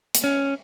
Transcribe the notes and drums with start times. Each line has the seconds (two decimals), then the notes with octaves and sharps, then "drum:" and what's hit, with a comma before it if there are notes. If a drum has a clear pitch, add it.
0.15 drum: hi-hat
0.24 C#4